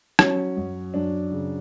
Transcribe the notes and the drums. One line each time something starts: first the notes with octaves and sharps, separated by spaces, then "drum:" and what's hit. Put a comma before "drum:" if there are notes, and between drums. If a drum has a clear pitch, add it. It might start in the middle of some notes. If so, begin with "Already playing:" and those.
F#3 C#4, drum: rim click
F#2
F#2 D4
C#3